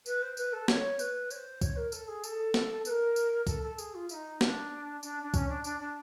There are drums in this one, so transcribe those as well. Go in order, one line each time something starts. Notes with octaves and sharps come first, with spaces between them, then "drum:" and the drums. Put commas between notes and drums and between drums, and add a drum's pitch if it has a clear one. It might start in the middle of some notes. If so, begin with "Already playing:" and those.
B4, drum: tambourine
C5
B4, drum: tambourine
A4
C#5, drum: snare
B4, drum: tambourine
C#5, drum: tambourine
C5
C#5, drum: kick, tambourine
A#4
A4, drum: tambourine
G#4
A4, drum: tambourine
drum: snare
B4, drum: tambourine
A#4
drum: tambourine
A4, drum: kick, tambourine
A4
G#4, drum: tambourine
F4
E4, drum: tambourine
D#4
D4, drum: snare
D4, drum: tambourine
D4
C#4, drum: kick, tambourine
D4
D4, drum: tambourine
D4